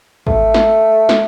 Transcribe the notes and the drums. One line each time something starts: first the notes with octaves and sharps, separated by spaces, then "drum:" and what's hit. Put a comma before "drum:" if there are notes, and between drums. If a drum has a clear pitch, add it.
A3, drum: kick G#1
drum: snare
drum: snare